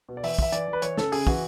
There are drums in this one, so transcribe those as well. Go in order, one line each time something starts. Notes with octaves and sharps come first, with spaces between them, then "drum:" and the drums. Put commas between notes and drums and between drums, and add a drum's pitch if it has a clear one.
B2
D5
E3 E5, drum: open hi-hat
E3 E5, drum: kick
E3 D5, drum: hi-hat
E3
B4
E3 C#5, drum: hi-hat
C#3 A4, drum: snare
C#3 G#4, drum: open hi-hat
E3 F#4, drum: kick